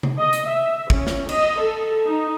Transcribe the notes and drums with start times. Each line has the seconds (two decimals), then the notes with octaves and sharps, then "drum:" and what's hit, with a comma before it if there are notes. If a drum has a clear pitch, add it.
0.03 drum: tom C3
0.18 D#5
0.33 drum: hi-hat
0.47 E5
0.90 C#4, drum: kick
1.07 drum: snare
1.29 D#5, drum: cymbal
1.59 A4
2.05 D#4